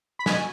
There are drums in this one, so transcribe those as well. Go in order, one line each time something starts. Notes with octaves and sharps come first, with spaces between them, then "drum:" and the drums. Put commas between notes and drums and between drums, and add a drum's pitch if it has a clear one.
B5
B3 F#4 D#5 G#5, drum: snare